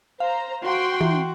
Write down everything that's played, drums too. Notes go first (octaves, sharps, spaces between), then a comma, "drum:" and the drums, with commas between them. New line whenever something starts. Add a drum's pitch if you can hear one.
C5 F5 A#5
F#4 G5 C6
E3, drum: tom